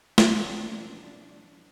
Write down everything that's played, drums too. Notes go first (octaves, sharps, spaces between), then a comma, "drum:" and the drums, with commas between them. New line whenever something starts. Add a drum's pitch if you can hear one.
B2 E3 F3 G3 C#4 D4, drum: snare